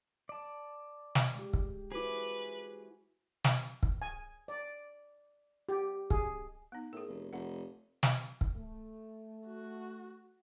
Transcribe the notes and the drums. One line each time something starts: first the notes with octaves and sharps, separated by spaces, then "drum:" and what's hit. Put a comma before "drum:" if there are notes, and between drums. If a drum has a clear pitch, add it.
D5 A5
drum: snare
G#3 G4
drum: kick
E4 F#4 G#4 B4 C5 D6
drum: snare
drum: kick
G#5
D5
G4
G#4, drum: kick
B3 D#4
A2 G#4 A#4
F1
F1 F#5
drum: snare
drum: kick
A3
F#4